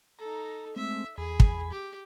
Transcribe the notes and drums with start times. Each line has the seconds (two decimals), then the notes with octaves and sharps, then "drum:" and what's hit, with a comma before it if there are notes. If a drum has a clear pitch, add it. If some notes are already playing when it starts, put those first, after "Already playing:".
0.19 D#4 A4 A#5
0.76 G#3 A3 C4 E5
1.18 E2 G#4 G#5 B5
1.40 drum: kick
1.71 G4